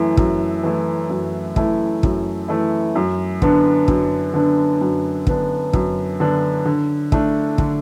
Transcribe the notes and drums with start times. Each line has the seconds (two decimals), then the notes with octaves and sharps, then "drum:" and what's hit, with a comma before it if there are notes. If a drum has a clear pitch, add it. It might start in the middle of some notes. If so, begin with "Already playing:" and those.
Already playing: F#2 E3 A3 E4
0.17 F#2, drum: kick
0.63 E3 A3 E4
1.10 F#2
1.56 E3 A3 E4, drum: kick
2.03 F#2, drum: kick
2.48 E3 A3 E4
2.95 F#2
3.42 D3 B3 D4, drum: kick
3.88 F#2, drum: kick
4.34 D3 B3 D4
4.81 F#2
5.27 D3 B3 D4, drum: kick
5.73 F#2, drum: kick
6.20 D3 B3 D4
6.65 D3
7.12 A3 D4, drum: kick
7.58 D3, drum: kick